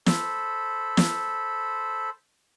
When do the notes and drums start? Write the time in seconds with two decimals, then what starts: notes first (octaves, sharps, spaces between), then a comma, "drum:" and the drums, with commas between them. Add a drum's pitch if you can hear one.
0.06 A4 C5 B5, drum: snare
0.97 drum: snare